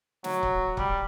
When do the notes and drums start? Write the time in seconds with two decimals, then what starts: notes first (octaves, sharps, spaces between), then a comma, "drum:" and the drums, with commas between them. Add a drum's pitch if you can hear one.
0.24 F#3, drum: snare
0.43 drum: kick C#1
0.77 G3, drum: kick C#1